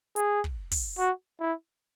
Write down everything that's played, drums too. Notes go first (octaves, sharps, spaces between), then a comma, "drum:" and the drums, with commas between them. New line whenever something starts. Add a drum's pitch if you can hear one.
G#4, drum: hi-hat
drum: kick
drum: kick, open hi-hat
F#4
E4